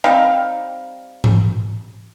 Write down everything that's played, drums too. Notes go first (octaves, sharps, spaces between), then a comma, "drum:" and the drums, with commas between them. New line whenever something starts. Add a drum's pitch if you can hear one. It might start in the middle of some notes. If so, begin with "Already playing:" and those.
G3 C4 D#4 F5, drum: rim click
drum: tom G#2